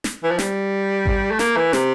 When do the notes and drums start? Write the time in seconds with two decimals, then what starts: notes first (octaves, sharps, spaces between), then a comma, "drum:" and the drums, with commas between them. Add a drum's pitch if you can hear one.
0.04 drum: snare
0.23 E3
0.31 F3
0.39 G3, drum: snare
1.06 drum: kick G#1
1.31 A3
1.39 A#3, drum: snare
1.56 E3
1.73 C3, drum: snare